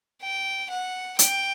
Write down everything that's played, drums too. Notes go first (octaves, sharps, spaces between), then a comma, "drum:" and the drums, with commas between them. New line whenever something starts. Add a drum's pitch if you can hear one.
G5
F#5
G5, drum: hi-hat